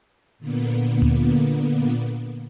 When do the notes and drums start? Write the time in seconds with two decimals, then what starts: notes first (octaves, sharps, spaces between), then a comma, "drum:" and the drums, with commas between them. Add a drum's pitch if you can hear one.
0.39 A#2 D3 A#3 B3
1.02 drum: tom D2
1.89 drum: hi-hat